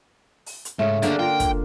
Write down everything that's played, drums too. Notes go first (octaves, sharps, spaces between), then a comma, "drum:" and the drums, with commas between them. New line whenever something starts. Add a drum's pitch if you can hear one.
drum: open hi-hat
drum: hi-hat
G#2 C#3 A3
D3 A#3 D4 G#4 D5, drum: hi-hat
F4 A#4 G5
drum: kick, hi-hat